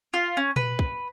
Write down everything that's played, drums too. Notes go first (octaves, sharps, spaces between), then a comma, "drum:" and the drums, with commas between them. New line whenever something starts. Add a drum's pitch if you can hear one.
F4
C#4
B4, drum: tom A#2
drum: kick